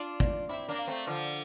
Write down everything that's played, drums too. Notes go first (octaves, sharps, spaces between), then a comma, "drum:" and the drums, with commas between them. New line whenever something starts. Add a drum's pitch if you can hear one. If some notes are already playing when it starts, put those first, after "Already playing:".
Already playing: D4 F4 C6
D5, drum: kick
C4 E4 D6
A#3 D4
F5
A3 C4
D3 F3 D6